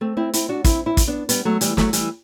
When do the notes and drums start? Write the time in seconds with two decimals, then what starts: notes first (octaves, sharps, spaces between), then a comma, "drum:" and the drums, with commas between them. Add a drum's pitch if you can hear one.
0.01 A3 C4
0.17 C4 E4
0.33 C4 E4, drum: hi-hat
0.49 D4 F#4
0.64 C4 E4, drum: kick, hi-hat
0.86 C4 E4
0.97 drum: kick, hi-hat
1.08 B3 D4
1.29 G3 B3, drum: hi-hat
1.45 F#3 A3
1.61 E3 G3, drum: hi-hat
1.77 F#3 A3, drum: snare
1.93 E3 G3, drum: hi-hat